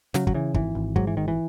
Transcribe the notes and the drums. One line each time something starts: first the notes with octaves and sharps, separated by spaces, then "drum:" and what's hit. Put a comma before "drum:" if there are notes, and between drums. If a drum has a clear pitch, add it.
C#3 F#3, drum: snare
F#3, drum: kick
C#3 E3
G#1 E3, drum: kick
G#1
G#2 F#3, drum: kick
E3
G#1 D#3
E3